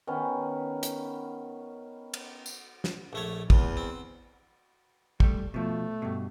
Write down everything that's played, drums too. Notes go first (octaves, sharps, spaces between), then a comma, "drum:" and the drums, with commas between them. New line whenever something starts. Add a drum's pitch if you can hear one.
D#3 B3 C#4
drum: hi-hat
drum: cymbal
drum: tambourine
drum: snare
A#1 A3 C#5
E2 F4, drum: kick
C4
G3 A3, drum: kick
B2 F3 A3
G2 B2